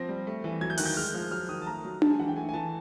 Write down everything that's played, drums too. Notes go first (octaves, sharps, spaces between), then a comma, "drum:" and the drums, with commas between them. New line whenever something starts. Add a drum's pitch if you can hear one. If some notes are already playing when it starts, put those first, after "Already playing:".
Already playing: F3 C4 A#6
G3
A3
E3
F#3 G#6
G6
D#3 F#6, drum: open hi-hat
G6
G#3 F6
F3
F#3 F6
D#3 D#6
A5
A3 A#5
F#3
G#3 A5, drum: tom D4
G#5
E3 F#5
G5
A3 G#5
G#5
E3 A5